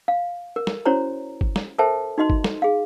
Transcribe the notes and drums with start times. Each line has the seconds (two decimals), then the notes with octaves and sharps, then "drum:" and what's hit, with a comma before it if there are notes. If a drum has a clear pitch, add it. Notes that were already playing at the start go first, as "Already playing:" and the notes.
0.08 F5
0.56 A#4
0.67 drum: snare
0.86 C#4 E4 F#4 C5 C#5 A#5
1.41 drum: kick
1.56 drum: snare
1.78 A4 A#4 C5 E5 G5 A5
2.18 D#4 F#4 D#5 C6
2.30 drum: kick
2.44 drum: snare
2.62 G#4 F5